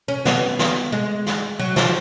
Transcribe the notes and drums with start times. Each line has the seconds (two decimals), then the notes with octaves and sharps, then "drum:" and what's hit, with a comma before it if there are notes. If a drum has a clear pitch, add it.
0.08 C#4
0.25 B3, drum: snare
0.59 drum: snare
0.92 G#3
1.26 drum: snare
1.59 F#3
1.76 F3, drum: snare